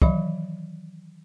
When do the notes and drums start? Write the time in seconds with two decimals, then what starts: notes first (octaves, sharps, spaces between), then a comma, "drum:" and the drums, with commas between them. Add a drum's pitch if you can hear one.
0.02 D#3 E3 F#3 D#5 B5, drum: kick